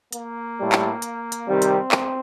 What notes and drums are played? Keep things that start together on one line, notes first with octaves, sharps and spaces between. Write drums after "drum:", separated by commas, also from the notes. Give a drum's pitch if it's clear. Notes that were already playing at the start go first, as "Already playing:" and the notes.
A#3, drum: hi-hat
A2 G3
drum: clap
drum: hi-hat
drum: hi-hat
C3 D#3 G3 C4
drum: hi-hat
drum: clap